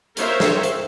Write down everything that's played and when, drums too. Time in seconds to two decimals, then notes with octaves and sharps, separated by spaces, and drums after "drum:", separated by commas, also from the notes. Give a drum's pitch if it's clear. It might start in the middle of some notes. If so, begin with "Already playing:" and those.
0.17 A#4 C5 C#5 E5 F5, drum: hi-hat
0.40 drum: snare
0.63 drum: hi-hat